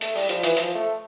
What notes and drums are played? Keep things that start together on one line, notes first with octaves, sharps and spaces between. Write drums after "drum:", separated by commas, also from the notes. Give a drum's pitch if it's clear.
A3, drum: hi-hat
G3, drum: open hi-hat
F3, drum: hi-hat
E3, drum: hi-hat
F3, drum: hi-hat
A3